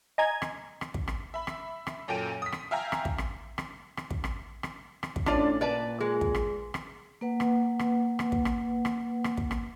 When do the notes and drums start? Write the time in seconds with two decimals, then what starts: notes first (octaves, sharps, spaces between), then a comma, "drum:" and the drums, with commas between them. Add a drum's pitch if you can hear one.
0.18 D#5 G#5 A#5 G#6
0.42 drum: rim click
0.81 drum: rim click
0.94 drum: kick
1.08 drum: rim click
1.34 E5 B5
1.47 drum: rim click
1.87 drum: rim click
2.08 F#2 A#2 A4 G5 D7 D#7
2.42 D#6 B6
2.52 drum: rim click
2.71 E5 F5 G5 G#5 A#5
2.92 drum: rim click
3.05 drum: kick
3.18 drum: rim click
3.58 drum: rim click
3.97 drum: rim click
4.11 drum: kick
4.24 drum: rim click
4.63 drum: rim click
5.03 drum: rim click
5.16 drum: kick
5.26 A2 C#4 D4 F4 D5, drum: rim click
5.61 A#2 B4 D5 A5
6.01 G#3 G#4
6.21 drum: kick
6.34 drum: rim click
6.74 drum: rim click
7.21 A#3 B4 F#5
7.40 drum: rim click
7.79 drum: rim click
8.19 drum: rim click
8.32 drum: kick
8.45 drum: rim click
8.85 drum: rim click
9.24 drum: rim click
9.37 drum: kick
9.51 drum: rim click